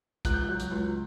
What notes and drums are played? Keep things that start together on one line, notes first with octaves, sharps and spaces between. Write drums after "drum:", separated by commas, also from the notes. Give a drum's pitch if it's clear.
C#2 F#6, drum: kick A1, hi-hat
G6
F#6
F#3
drum: hi-hat
C#2